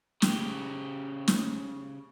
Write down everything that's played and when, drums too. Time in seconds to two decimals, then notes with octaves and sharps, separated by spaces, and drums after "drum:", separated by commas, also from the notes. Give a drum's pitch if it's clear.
0.22 C#3 G4, drum: snare
1.28 drum: snare